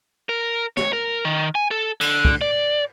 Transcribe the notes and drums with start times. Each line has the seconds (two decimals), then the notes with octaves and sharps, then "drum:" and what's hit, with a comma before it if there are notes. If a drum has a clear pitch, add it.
0.29 A#4
0.77 C#5, drum: snare
0.93 A#4
1.25 D#3
1.55 G#5
1.71 A4
2.01 D3, drum: cymbal
2.25 drum: kick
2.41 D5